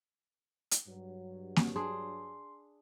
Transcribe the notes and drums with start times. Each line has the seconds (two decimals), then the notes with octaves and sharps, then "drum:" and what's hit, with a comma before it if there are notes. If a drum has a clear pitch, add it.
0.71 drum: hi-hat
0.87 G2 F#3
1.56 drum: snare A#3
1.76 D4 G#4 C6